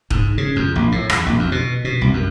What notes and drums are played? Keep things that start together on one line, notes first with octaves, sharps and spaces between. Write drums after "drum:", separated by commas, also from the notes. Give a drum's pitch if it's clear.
G#2, drum: kick
C#3
F2
A#1
A2
E2, drum: rim click
A#1
F2
B2
B2
C2
F#2